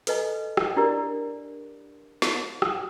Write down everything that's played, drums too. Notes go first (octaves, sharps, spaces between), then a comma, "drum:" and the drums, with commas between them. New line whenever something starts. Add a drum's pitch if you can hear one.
A4 B4 D#5 G#5, drum: hi-hat
drum: rim click
D4 E4 G4 A#4 D5
drum: snare
D#6, drum: rim click